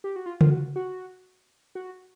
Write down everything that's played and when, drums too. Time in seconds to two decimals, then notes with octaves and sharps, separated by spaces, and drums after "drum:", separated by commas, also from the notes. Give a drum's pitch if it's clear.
0.04 G4
0.16 F#4
0.26 F4
0.41 F4, drum: tom C#3
0.50 F#4
0.76 F#4
1.75 F#4